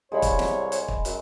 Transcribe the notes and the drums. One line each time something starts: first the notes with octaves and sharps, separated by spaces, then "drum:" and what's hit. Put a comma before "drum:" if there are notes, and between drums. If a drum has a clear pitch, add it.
C2 G#3 C#5 F5 B5
drum: kick, hi-hat
drum: snare
drum: hi-hat
drum: kick
F#2, drum: hi-hat